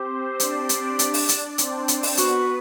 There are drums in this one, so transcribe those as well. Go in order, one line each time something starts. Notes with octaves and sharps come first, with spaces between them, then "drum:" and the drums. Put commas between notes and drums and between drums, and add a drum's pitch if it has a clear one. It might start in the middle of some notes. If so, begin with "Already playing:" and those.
Already playing: C4 G4 C5
D4 D5, drum: hi-hat
drum: hi-hat
drum: hi-hat
drum: open hi-hat
drum: hi-hat
C4 C5, drum: hi-hat
drum: hi-hat
drum: open hi-hat
B3 F#4 B4, drum: hi-hat